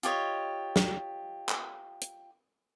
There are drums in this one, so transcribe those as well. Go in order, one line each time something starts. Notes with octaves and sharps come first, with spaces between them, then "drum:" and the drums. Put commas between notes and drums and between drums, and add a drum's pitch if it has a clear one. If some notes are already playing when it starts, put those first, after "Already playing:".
F4 G4 C#5 D#5, drum: hi-hat
drum: snare
drum: clap
drum: hi-hat